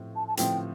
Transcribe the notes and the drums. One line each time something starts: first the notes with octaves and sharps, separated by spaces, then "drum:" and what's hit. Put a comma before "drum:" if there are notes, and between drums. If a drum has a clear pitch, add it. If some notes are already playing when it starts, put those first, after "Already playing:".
Already playing: A2 F3 C4
A5
A5
A2 F3 C4 G5, drum: hi-hat